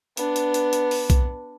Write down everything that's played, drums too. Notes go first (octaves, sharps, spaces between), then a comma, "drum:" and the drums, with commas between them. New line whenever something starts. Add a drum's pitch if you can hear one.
B3 D4, drum: hi-hat
drum: hi-hat
drum: hi-hat
drum: hi-hat
drum: open hi-hat
drum: kick B1, hi-hat